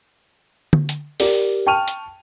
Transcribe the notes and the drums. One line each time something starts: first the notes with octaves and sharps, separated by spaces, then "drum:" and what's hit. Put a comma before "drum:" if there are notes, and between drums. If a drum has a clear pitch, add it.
drum: tom
drum: hi-hat
G4 A#4 D5, drum: open hi-hat
G5 A5 C#6 F6 D#7 F7
drum: hi-hat